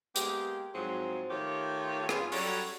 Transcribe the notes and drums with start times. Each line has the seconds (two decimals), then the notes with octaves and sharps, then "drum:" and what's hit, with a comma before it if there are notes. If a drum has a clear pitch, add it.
0.16 G#3 A#3 B3 G4, drum: hi-hat
0.75 G#2 F3 F#3 C4 F#4 G#4
1.31 D#3 A3 F4 G4 C#5
2.09 B3 F4 G#4, drum: rim click
2.32 F#3 G3 C#4 F#4 A4 C#5, drum: open hi-hat